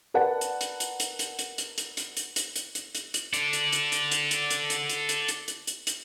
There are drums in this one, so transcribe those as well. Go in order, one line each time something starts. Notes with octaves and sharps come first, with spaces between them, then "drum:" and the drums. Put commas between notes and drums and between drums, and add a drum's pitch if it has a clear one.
A#4 B4 D5 F#5 A5
drum: hi-hat
drum: hi-hat
drum: hi-hat
drum: hi-hat
drum: hi-hat
drum: hi-hat
drum: hi-hat
drum: hi-hat
drum: hi-hat
drum: hi-hat
drum: hi-hat
drum: hi-hat
drum: hi-hat
drum: hi-hat
drum: hi-hat
A4 D5, drum: hi-hat
drum: hi-hat
drum: hi-hat
drum: hi-hat
drum: hi-hat
drum: hi-hat
drum: hi-hat
drum: hi-hat
drum: hi-hat
drum: hi-hat
drum: hi-hat
drum: hi-hat
drum: hi-hat
drum: hi-hat